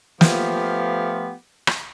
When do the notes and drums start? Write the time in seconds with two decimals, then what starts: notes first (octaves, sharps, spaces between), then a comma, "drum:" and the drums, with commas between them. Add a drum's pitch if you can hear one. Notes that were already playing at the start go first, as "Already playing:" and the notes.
0.21 F3 A3 B3 F4 G4, drum: snare
1.67 drum: rim click